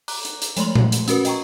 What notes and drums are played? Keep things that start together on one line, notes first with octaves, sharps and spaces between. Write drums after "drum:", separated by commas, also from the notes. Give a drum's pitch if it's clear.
A#5 D6 F#6, drum: open hi-hat
drum: hi-hat
drum: hi-hat
F3 G#3 A3 C6 F#7, drum: hi-hat
drum: tom A#2
drum: hi-hat
C#4 F#4 A#4 B4, drum: hi-hat
D#5 G5 A#5 C#6, drum: hi-hat